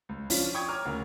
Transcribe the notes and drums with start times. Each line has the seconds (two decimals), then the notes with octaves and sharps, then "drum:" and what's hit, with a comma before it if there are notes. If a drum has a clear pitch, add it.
0.09 C#2
0.30 F3 C#4 D4 F4, drum: open hi-hat
0.54 G5 C#6 D#6 G#6
0.69 C#5 A#5 D6 F6
0.85 D2 C#3 A#3